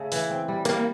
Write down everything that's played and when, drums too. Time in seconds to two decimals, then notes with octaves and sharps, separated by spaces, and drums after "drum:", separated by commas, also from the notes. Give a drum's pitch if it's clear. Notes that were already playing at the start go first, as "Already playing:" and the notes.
Already playing: C#3 A3
0.12 E3, drum: open hi-hat
0.30 C4
0.48 G3
0.65 G3 A#3, drum: hi-hat